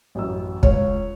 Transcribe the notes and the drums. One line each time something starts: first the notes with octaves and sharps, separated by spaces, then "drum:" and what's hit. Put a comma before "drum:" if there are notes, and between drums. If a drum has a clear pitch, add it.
A1 F#2 E6
C#2 C#5, drum: kick